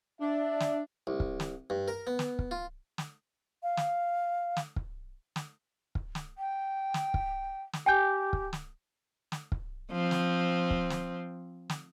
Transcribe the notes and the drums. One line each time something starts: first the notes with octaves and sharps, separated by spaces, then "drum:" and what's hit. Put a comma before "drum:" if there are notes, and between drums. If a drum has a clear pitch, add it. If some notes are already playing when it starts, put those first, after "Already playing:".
D4 E5
drum: snare
C2
drum: kick
drum: snare
G2
A#4
B3
drum: snare
drum: kick
F4
drum: snare
F5
drum: snare
drum: snare
drum: kick
drum: snare
drum: kick
drum: snare
G5
drum: snare
drum: kick
drum: snare
G4 G5 G#5 G6
drum: kick
drum: snare
drum: snare
drum: kick
F3 C4
drum: snare
drum: kick
drum: snare
drum: snare